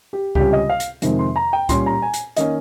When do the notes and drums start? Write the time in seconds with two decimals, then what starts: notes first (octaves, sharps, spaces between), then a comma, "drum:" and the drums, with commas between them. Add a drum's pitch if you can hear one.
0.13 G4
0.35 C#2 C3 G3 C#4 G4, drum: kick C#2
0.53 D#5
0.69 F5
0.80 drum: hi-hat
1.02 F2 C3 D#3 G#3 C4, drum: hi-hat
1.19 C6
1.36 A#5
1.53 G5
1.69 A#2 G3 C#4 C6, drum: kick C#2, hi-hat
1.86 A#5
2.02 G#5
2.14 drum: hi-hat
2.37 D#3 A#3 C#4 D#5, drum: hi-hat